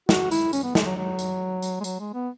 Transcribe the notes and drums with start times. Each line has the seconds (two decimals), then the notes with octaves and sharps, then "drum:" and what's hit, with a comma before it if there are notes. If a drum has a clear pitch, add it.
0.09 F#4, drum: snare
0.31 E4, drum: tambourine
0.53 C#4, drum: tambourine
0.63 B3
0.75 G#3, drum: snare
0.86 F#3
0.97 F#3
1.19 drum: tambourine
1.62 drum: tambourine
1.81 G#3
1.84 F#3, drum: tambourine
2.00 G#3
2.14 B3